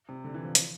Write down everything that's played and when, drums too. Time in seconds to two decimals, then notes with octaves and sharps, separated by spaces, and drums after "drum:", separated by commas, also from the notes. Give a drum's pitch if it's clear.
0.09 C3
0.24 D3
0.34 E3
0.45 F3
0.55 F3, drum: hi-hat